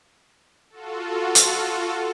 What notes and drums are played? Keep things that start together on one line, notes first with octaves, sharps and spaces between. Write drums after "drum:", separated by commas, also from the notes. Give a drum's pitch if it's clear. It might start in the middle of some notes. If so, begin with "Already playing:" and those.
F4 F#4 A4
drum: hi-hat